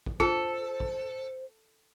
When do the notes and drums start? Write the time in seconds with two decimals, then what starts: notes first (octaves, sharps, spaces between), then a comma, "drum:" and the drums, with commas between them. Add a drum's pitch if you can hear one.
0.06 drum: kick
0.20 F4 A4 C5, drum: kick
0.80 drum: kick